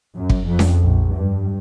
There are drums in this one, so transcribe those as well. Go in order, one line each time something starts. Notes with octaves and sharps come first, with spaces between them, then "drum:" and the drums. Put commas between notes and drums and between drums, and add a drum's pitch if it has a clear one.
F#2
drum: kick
F2
drum: snare C#4
A#1
G2